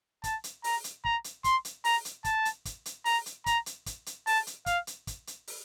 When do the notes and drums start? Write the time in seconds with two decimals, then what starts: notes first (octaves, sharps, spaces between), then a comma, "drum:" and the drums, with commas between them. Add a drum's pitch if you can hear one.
0.24 A5, drum: kick, hi-hat
0.44 drum: hi-hat
0.64 A#5, drum: open hi-hat
0.84 drum: hi-hat
1.05 A#5, drum: kick
1.24 drum: hi-hat
1.44 C6, drum: kick, hi-hat
1.65 drum: hi-hat
1.84 A#5, drum: open hi-hat
2.05 drum: hi-hat
2.24 A5, drum: kick, hi-hat
2.45 drum: hi-hat
2.65 drum: kick, hi-hat
2.86 drum: hi-hat
3.05 A#5, drum: open hi-hat
3.26 drum: hi-hat
3.46 A#5, drum: kick, hi-hat
3.66 drum: hi-hat
3.86 drum: kick, hi-hat
4.06 drum: hi-hat
4.27 A5, drum: open hi-hat
4.47 drum: hi-hat
4.66 F5, drum: kick, hi-hat
4.87 drum: hi-hat
5.07 drum: kick, hi-hat
5.27 drum: hi-hat
5.47 drum: open hi-hat